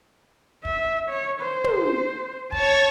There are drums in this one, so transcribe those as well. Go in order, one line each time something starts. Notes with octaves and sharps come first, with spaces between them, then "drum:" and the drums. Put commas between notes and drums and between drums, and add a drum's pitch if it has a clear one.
E5, drum: kick
C#5
C5
drum: tom
C#5 A5 C#6, drum: kick